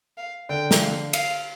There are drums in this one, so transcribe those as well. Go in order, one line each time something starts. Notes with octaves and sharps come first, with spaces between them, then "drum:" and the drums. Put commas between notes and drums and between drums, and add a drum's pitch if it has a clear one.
F5
D3 G5
drum: snare
F5
F5, drum: cymbal